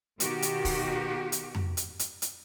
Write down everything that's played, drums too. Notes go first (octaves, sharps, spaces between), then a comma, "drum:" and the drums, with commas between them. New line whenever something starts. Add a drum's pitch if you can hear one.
B2 D#3 F#4 G4, drum: hi-hat
drum: hi-hat
drum: kick, open hi-hat
drum: hi-hat
drum: tom F2
drum: hi-hat
drum: hi-hat
drum: hi-hat